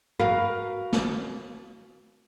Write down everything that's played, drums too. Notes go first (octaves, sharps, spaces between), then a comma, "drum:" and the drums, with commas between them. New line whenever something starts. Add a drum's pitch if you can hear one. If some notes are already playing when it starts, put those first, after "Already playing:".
F#4 A#4 B4 F5, drum: tom
drum: snare